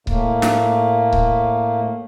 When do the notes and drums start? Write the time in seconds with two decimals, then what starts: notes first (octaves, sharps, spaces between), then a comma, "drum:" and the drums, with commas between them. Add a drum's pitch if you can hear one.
0.07 A2 A3 A#3, drum: kick C#1
0.42 drum: snare
1.13 drum: kick C#1